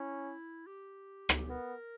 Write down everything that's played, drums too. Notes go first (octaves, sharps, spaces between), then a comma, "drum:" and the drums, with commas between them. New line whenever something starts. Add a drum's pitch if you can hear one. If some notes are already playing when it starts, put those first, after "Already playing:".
Already playing: C#4 E4
G4
drum: rim click
B3 A#4